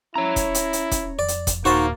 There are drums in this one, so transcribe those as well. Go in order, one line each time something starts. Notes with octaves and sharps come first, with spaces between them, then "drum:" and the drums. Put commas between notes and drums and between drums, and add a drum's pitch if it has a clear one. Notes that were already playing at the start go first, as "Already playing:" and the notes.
C#4 E4 C#5 A#5
drum: kick E1, hi-hat
drum: hi-hat
drum: hi-hat
drum: kick E1, hi-hat
F2 D5
drum: hi-hat
drum: kick E1, hi-hat
D#2 A#2 A#3 D#4 F#4 C5 F5 A5